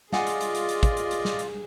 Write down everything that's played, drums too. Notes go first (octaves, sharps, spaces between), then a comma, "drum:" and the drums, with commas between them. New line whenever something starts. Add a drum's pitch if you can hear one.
F4 G#4 D5 D#5 F5 F#5 G#5, drum: snare
drum: hi-hat
drum: hi-hat
drum: hi-hat
drum: hi-hat
drum: kick, hi-hat
drum: hi-hat
drum: hi-hat
drum: snare
drum: hi-hat